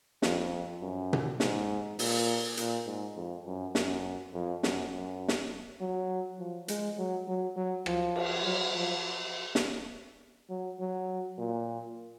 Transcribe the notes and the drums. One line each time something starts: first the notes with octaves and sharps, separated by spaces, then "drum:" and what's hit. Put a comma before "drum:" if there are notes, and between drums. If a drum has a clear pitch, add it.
F2, drum: snare
F#2
drum: tom B2
G#2, drum: snare
A#2, drum: open hi-hat
A#2, drum: hi-hat
G#2
F2
F#2
F#2, drum: snare
F2
F#2, drum: snare
F#2
drum: snare
F#3
F3
G#3, drum: hi-hat
F#3
F#3
F#3
F3, drum: rim click
drum: cymbal
F#3
F3
drum: snare
F#3
F#3
A#2